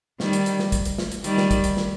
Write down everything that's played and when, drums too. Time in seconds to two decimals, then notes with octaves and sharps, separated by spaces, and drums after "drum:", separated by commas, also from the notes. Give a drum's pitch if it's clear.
0.20 D#3 G3, drum: snare
0.33 drum: hi-hat
0.46 drum: hi-hat
0.59 drum: snare
0.72 drum: kick, hi-hat
0.85 drum: hi-hat
0.98 drum: snare
1.11 drum: hi-hat
1.24 D#3 G3, drum: hi-hat
1.38 drum: snare
1.51 drum: kick, hi-hat
1.64 drum: hi-hat
1.77 drum: snare